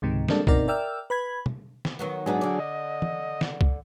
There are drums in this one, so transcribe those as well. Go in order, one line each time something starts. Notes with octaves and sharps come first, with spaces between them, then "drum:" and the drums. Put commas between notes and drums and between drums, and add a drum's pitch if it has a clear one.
C#2 G#2 C3 D#3
G3 G#3 A#3 C4 D4 A4, drum: snare
G1 B2 C4 D#4 A#4 D5, drum: kick
A#4 D5 E5 G5 E6 F6
B4 B5 G#6
drum: tom
drum: snare
D#3 F#3 B3
G#2 F#3 B3 D4 D#4 G#4
D3 D5
D#5
drum: tom
drum: snare
drum: kick